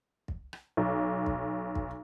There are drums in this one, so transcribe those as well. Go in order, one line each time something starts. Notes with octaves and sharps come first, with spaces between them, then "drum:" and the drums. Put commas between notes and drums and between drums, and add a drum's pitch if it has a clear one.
drum: kick
drum: rim click
B1
drum: kick
drum: kick